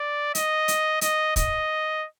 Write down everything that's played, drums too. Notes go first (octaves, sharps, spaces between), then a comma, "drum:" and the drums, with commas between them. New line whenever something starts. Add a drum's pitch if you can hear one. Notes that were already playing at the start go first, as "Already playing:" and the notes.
Already playing: D5
D#5, drum: hi-hat
drum: hi-hat
D#5, drum: hi-hat
D#5, drum: kick, hi-hat